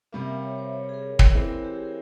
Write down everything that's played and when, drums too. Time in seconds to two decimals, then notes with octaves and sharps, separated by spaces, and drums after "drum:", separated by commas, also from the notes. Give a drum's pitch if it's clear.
0.12 C3 G3 A#3 E5
0.23 F5
0.33 E5
0.43 C#5
0.58 C5
0.73 C#5
0.84 C#5
0.89 G#4
0.94 A#4
1.19 drum: kick
1.34 E3 G#3 C4 E4 A#4
1.50 C#5
1.64 G4
1.75 G#4
1.85 A#4